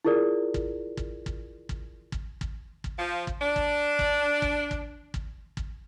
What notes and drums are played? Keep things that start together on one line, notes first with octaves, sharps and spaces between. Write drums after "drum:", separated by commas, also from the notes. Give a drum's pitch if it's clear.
E4 F4 G#4 A#4 D5
drum: kick
drum: kick
drum: kick
drum: kick
drum: kick
drum: kick
drum: kick
F3
drum: kick
D4
drum: kick
drum: kick
drum: kick
drum: kick
drum: kick
drum: kick